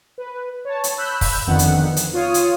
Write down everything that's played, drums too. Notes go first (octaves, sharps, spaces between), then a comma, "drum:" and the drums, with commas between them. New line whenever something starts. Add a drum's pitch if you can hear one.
B4
C#5 A5
drum: hi-hat
B5 E6 F#6 G6
drum: kick, open hi-hat
F2 D3 D#3 B3 F#5
drum: hi-hat
drum: hi-hat
F4 C#5 D#6
drum: hi-hat